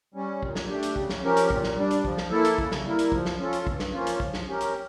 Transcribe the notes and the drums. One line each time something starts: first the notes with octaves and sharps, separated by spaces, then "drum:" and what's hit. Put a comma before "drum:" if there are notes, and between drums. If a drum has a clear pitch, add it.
G3 C#4
A#2, drum: kick
drum: snare
A3 D4 G4
drum: hi-hat
C#3, drum: kick
drum: snare
F3 C#4 G4 A#4
drum: hi-hat
A#2, drum: kick
drum: snare
G3 D4
drum: hi-hat
F3, drum: kick
drum: snare
A#3 E4 A4
drum: hi-hat
C#3, drum: kick
drum: snare
G3 A#3 E4 A#4
drum: hi-hat
F3, drum: kick
drum: snare
C#4 F4 A4
drum: hi-hat
G2, drum: kick
drum: snare
F3 A#3 C#4 F4
drum: hi-hat
F3, drum: kick
drum: snare
C#4 G4 A#4
drum: hi-hat